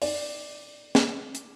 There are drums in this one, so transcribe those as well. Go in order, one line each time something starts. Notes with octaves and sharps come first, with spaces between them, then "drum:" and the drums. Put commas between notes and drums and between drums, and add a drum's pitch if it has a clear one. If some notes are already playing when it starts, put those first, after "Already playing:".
D5, drum: open hi-hat
drum: snare
drum: hi-hat